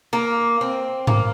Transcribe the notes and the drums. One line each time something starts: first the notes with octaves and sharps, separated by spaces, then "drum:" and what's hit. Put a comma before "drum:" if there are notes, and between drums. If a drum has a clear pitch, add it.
A#3
C4
A#3, drum: tom G#2